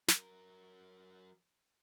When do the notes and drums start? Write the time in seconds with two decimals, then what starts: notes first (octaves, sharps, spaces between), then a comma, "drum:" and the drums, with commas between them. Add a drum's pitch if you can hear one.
0.08 F#3 A#4, drum: snare